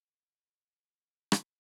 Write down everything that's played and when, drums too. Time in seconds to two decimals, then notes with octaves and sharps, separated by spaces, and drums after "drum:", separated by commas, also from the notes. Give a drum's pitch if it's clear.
0.08 D3 B3 A4
0.33 A#5
0.62 G2 A#3 B3
0.91 F#2 A#2 C#3
1.32 drum: rim click